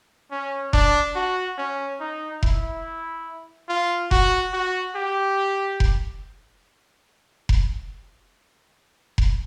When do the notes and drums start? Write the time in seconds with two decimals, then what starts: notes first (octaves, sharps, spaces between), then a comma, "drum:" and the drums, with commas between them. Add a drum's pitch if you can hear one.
0.31 C#4
0.73 D4, drum: kick F1
1.16 F#4
1.58 C#4
2.00 D#4
2.43 E4, drum: kick F1
3.69 F4
4.11 F#4, drum: kick F1
4.53 F#4
4.96 G4
5.80 drum: kick F1
7.49 drum: kick F1
9.18 drum: kick F1